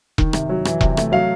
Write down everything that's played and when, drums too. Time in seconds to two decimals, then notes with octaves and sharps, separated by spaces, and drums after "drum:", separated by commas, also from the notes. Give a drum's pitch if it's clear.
0.18 D#3, drum: kick E1
0.33 C3, drum: rim click
0.49 F#3
0.65 E3, drum: rim click
0.81 C3, drum: kick E1
0.97 A3, drum: rim click
1.12 F#3 F5